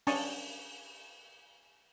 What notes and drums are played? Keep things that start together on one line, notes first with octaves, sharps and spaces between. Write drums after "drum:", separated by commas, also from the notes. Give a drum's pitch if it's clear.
C#4 D4 G#5 A5 C#6 D#6, drum: open hi-hat